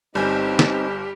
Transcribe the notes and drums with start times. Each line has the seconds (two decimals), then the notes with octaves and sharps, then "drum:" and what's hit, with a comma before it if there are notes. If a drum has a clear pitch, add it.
0.15 G1 G3 C4 D#4 G4 G#5 G6
0.59 drum: snare